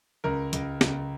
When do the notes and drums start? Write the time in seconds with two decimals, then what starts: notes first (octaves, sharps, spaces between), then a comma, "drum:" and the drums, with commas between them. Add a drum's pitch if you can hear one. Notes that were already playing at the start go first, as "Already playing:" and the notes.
0.24 C#2 A#4
0.53 C#2, drum: hi-hat
0.81 C#2, drum: snare